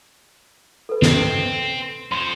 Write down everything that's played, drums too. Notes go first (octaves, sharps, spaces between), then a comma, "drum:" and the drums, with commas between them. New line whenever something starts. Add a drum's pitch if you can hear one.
A4 B4
C4, drum: snare
F2 C5 C6